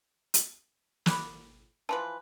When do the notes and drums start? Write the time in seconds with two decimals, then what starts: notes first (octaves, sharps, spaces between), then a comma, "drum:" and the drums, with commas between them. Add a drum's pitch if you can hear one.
0.34 drum: hi-hat
1.06 B5 D6 F#6, drum: snare
1.89 E3 F3 B4 A5 C6